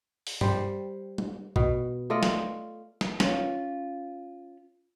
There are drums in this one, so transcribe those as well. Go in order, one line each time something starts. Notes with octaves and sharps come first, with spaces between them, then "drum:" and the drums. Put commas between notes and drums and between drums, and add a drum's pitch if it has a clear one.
drum: open hi-hat
G3 C5, drum: tom
drum: tom G3
B2, drum: kick
A3 F4 D5 D#5
drum: snare
drum: snare
C#4 F4, drum: snare